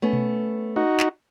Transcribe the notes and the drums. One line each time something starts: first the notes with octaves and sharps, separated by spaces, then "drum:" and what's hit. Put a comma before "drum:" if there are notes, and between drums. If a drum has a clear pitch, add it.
A3 B3 C#4
drum: tom B2
D#4 F#4
drum: clap